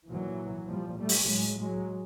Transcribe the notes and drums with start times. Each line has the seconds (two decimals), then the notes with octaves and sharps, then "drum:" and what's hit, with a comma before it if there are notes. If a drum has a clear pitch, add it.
0.09 A#2 E3 F#3
0.68 A#2 F3 G3
0.98 G3 A3
1.09 drum: open hi-hat
1.28 A2 F#3 G#3
1.58 F#3 G#3